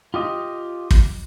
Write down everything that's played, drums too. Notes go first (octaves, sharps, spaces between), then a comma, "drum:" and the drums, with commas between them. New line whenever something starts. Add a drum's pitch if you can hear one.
F4 G4 D#5
drum: kick